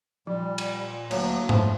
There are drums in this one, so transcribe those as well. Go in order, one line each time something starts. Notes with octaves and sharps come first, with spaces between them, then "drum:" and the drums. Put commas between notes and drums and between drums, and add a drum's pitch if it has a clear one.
A#2 F3 G3
drum: cymbal
D2 F#3 A#3 C#5, drum: cymbal
F3 A3, drum: tom G#2